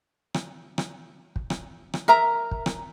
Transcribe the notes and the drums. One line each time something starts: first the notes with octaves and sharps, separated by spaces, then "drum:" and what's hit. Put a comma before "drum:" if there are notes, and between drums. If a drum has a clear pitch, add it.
drum: rim click
drum: rim click
drum: kick
drum: rim click
drum: rim click
A#4 E5 A#5
drum: kick
drum: rim click